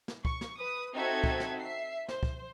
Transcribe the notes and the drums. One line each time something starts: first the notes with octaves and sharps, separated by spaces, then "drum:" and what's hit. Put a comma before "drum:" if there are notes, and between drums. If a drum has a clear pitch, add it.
drum: snare
C#6, drum: kick
drum: snare
B4 D#6
C4 D#4 F#4 A4 E5 G#6
drum: kick
drum: snare
E5 C7
C5, drum: snare
drum: kick